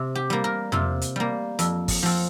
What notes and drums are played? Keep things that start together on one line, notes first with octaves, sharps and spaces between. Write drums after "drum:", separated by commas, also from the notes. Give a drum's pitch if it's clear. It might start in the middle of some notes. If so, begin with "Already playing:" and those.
Already playing: C3
G4
G3 A#3
A#4
C3 F4, drum: tom
drum: hi-hat
G3 A#3
F2, drum: hi-hat
drum: kick G1, open hi-hat
F3 C4